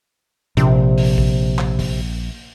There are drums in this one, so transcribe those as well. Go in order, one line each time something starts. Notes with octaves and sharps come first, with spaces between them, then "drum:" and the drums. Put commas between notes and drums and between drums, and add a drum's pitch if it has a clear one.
A#1 C3, drum: kick, hi-hat
drum: open hi-hat
drum: kick
drum: clap
drum: kick, open hi-hat